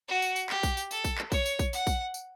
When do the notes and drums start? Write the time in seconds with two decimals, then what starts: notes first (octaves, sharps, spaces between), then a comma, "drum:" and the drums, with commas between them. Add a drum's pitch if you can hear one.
0.08 F#4
0.22 drum: tambourine
0.36 drum: tambourine
0.50 G4, drum: clap
0.63 drum: kick A#1, tambourine
0.77 drum: tambourine
0.91 A4, drum: tambourine
1.04 drum: kick A#1, tambourine
1.18 drum: clap
1.32 C#5, drum: kick A#1, tambourine
1.46 drum: tambourine
1.59 drum: kick A#1, tambourine
1.73 F#5, drum: tambourine
1.87 drum: kick A#1, tambourine
2.14 drum: tambourine